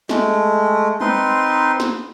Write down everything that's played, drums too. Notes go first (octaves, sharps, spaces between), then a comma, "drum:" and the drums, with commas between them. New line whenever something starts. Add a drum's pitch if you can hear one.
G#3 A3, drum: snare
C4 D#4 B4 C6, drum: tom G3
drum: snare